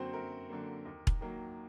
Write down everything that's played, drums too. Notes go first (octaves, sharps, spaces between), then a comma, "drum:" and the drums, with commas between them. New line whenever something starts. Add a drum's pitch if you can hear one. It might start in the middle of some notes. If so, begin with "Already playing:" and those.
Already playing: F#2 D3 F#3 A#3 C4 F#4 C5 F#5
F#2 A#4
D3 F#3 A#3
D#2
drum: kick E1
D#3 F#3 A#3